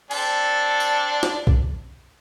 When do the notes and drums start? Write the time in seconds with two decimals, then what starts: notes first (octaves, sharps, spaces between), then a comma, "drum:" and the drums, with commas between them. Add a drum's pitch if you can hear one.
0.11 C4 D4 A4, drum: cymbal
0.80 drum: tambourine
1.23 drum: snare
1.47 drum: kick B1